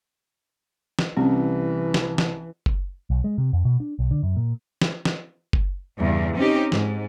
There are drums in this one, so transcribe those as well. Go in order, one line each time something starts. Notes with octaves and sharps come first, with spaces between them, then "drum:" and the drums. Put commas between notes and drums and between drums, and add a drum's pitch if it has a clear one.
drum: snare
C2 E3 C4 C#4
drum: snare
drum: snare
drum: kick F#1
B1
G#3
C3
F2
B2
D4
B1
D3
F#2
A#2
drum: snare
drum: snare
drum: kick F#1
E2 G2 C#3
C4 C#4 D#4 G4
G#2, drum: snare